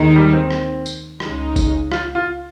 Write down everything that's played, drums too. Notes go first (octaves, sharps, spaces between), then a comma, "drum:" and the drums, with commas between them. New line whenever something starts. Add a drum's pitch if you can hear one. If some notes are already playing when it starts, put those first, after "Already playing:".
Already playing: D#2 D#3 G#3 D#4
G3
C4
drum: rim click
drum: tambourine
C#2 C#3 G#3 D#4, drum: rim click
drum: kick G1, tambourine
F4, drum: rim click
F4